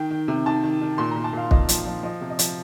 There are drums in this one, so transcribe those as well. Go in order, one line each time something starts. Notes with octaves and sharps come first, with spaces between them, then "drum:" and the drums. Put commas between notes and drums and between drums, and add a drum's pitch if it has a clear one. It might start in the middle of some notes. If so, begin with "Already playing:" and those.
Already playing: D#3 G5
D#3
C3
D#3 A5
D#3
D#3
A#2 C6
A#2 A#5
A5
A#2 F5
A#2 D#5, drum: kick
F3, drum: hi-hat
F3
F3 D#5
C3
D#5
F3, drum: hi-hat